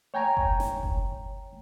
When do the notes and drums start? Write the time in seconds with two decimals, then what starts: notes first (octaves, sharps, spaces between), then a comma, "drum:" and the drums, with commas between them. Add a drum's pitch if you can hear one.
0.14 C#5 G5 G#5 A#5
0.37 drum: kick F#1
0.60 drum: snare
0.83 drum: kick F#1